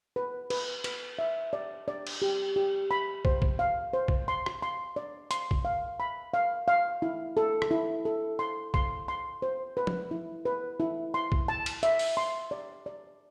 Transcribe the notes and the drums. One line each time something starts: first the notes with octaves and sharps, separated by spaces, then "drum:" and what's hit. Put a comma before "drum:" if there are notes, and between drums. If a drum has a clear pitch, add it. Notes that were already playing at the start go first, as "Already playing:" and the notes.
B4
B4, drum: cymbal
B4, drum: cymbal
E5
D5
D5
drum: cymbal
G4
G4
B5
C5, drum: kick
drum: kick
F5
C5
drum: kick
C6
drum: rim click
C6
D5
C6, drum: hi-hat
drum: kick
F5
B5
F5
F5
E4
A4
drum: rim click
E4
A4
C6
C6, drum: kick
C6
C5
B4
drum: tom
E4
B4
E4
C6
drum: kick
A5
drum: cymbal
E5, drum: hi-hat
drum: open hi-hat
C6
D5
D5